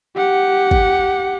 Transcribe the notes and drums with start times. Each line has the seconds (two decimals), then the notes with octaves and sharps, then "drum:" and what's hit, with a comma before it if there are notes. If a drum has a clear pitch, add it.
0.16 G4 F#5
0.71 drum: kick